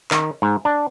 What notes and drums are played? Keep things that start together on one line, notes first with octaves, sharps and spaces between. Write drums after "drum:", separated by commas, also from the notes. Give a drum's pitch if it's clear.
D#3, drum: clap
G#2
D4